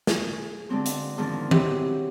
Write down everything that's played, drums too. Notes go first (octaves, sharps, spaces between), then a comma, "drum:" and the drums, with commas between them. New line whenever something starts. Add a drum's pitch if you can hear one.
G#4, drum: snare
D3 G#3 C4 F#4
drum: hi-hat
F2 G#2 D3 D#3 F3 C4
C4 C#4 E4 F#4 G4 E5, drum: tom D#3